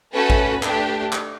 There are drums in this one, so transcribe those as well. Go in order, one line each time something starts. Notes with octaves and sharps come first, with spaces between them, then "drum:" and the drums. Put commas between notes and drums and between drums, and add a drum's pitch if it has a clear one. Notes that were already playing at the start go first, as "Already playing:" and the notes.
A3 C#4 F#4 A4 B4
drum: kick A1
A3 D4 G4, drum: clap
drum: clap